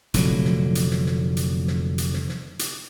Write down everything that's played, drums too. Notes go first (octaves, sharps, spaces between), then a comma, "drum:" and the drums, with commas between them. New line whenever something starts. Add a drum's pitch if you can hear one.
F1 A#2 D3 F#3, drum: hi-hat
drum: snare
drum: hi-hat
drum: snare
drum: snare
drum: hi-hat
drum: snare
drum: hi-hat
drum: snare
drum: snare
drum: hi-hat